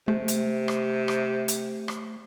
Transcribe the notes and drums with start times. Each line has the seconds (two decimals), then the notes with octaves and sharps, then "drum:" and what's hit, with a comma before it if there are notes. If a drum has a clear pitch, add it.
0.08 C3 A3
0.28 drum: hi-hat
0.68 drum: rim click
1.08 drum: rim click
1.48 drum: hi-hat
1.88 drum: rim click